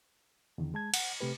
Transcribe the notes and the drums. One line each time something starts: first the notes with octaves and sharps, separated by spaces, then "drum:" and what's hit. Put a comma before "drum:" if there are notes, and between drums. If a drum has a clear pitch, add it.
E2 D3 D#3
G#3 A5 G#6
F#5, drum: cymbal
C3 A3 G4 B4